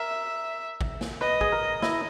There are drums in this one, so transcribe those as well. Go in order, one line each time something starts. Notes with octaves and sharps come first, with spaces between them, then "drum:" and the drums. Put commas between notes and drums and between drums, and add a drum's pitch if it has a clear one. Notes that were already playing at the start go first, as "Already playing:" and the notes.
Already playing: A#4 E5
drum: kick
drum: snare
B4 D#5
G#4, drum: kick
A#4
E4, drum: snare